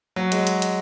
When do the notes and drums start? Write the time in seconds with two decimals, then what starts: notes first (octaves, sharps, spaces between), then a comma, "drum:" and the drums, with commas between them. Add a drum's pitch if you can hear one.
0.16 F#3
0.32 G#3, drum: hi-hat
0.47 drum: hi-hat
0.62 drum: hi-hat